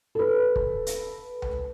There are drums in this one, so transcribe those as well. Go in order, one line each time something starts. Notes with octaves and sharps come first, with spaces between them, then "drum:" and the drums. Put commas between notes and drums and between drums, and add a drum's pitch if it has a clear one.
A4 B4
drum: kick
drum: hi-hat
drum: tom C#2